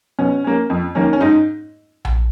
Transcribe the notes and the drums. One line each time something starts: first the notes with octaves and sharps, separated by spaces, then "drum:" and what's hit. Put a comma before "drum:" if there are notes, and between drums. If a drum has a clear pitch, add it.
B2 C#4
A#3 C#4
F2
D#3 A#3 C#4
C#4
G#2 D#4
drum: tom A#1